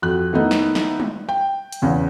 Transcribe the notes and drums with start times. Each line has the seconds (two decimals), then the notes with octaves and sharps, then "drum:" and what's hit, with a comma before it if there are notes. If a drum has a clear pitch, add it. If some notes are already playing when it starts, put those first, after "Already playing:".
0.02 F2 F#4 F#6
0.33 D#3 A3 B3 D#4 E4
0.51 drum: snare
0.75 drum: snare
1.00 drum: tom G3
1.29 G5
1.72 drum: hi-hat
1.82 E2 C#3 B3